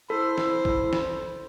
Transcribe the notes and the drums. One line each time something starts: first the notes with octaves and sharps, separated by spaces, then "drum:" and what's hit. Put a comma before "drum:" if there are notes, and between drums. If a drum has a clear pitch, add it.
E4 A4 C5
drum: snare
drum: kick
drum: snare